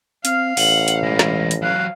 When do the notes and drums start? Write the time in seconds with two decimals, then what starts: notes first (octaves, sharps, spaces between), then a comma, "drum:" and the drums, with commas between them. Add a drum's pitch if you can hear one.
0.25 C4 F5 F6, drum: hi-hat
0.57 A1 F#5 F#7, drum: open hi-hat
0.88 drum: hi-hat
1.03 E3 G#3 A#6
1.19 drum: snare
1.51 drum: hi-hat
1.62 E3 F#3 F5 F#6